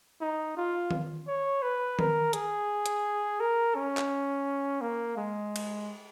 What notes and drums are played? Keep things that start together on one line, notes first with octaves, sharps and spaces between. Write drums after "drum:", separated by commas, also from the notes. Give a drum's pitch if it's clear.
D#4
F4
drum: tom D#3
C#5
B4
A#4, drum: tom D#3
G#4, drum: hi-hat
drum: hi-hat
A#4
C#4
drum: clap
A#3
G#3
drum: cymbal